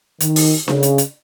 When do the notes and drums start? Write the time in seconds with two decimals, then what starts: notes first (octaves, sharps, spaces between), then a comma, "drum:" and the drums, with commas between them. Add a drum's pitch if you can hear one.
0.20 D#3, drum: hi-hat
0.36 drum: open hi-hat
0.68 C#3, drum: snare D4
0.83 drum: hi-hat
0.98 drum: hi-hat